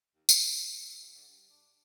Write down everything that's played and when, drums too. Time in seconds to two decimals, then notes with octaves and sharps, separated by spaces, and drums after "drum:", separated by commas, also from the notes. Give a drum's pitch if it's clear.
0.15 D#2
0.29 D3, drum: tambourine
0.62 G#2
0.80 E4
0.98 F#2
1.15 D3
1.28 G2
1.50 D4